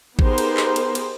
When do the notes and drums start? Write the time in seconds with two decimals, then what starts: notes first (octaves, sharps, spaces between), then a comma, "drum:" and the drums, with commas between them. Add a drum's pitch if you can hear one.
0.19 B3 D#4 G4 G#4 A#4 C5, drum: kick A1
0.38 drum: cymbal
0.57 drum: clap
0.76 drum: cymbal
0.95 drum: cymbal